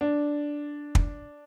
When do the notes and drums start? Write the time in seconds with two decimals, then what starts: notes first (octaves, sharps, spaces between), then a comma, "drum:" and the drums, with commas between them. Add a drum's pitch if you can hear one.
0.01 D4
0.95 drum: kick